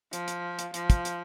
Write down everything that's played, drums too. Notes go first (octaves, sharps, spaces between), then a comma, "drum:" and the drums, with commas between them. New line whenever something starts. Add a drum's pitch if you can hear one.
F3, drum: hi-hat
drum: hi-hat
drum: hi-hat
F3, drum: hi-hat
drum: kick, hi-hat
drum: hi-hat